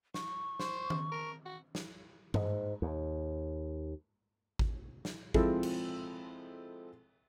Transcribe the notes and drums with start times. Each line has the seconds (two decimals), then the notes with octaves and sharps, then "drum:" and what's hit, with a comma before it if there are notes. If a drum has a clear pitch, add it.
0.14 C#6, drum: snare
0.60 C5, drum: snare
0.90 drum: tom D#3
1.12 A#4
1.46 F#4
1.75 drum: snare
2.34 G#2, drum: tom G2
2.82 D#2
4.59 drum: kick G#1
5.05 drum: snare
5.34 F3 G#3 C4 E4 A4, drum: kick G#1
5.63 drum: cymbal